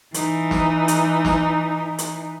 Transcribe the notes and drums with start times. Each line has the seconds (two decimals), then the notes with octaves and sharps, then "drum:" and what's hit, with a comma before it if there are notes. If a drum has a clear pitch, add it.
0.14 E3 D#4, drum: hi-hat
0.51 drum: snare
0.88 drum: hi-hat
1.25 drum: snare
1.98 drum: hi-hat